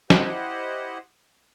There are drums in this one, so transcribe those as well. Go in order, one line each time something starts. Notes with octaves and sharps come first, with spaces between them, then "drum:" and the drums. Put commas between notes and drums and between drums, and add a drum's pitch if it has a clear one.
E4 G4 C5 D#5 F#5, drum: snare